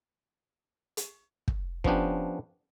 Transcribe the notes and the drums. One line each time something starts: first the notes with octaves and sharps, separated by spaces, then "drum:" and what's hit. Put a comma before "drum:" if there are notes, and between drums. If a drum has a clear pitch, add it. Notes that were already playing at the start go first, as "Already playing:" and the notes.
drum: hi-hat
drum: kick
F3 B3 C#4 D4 G4, drum: kick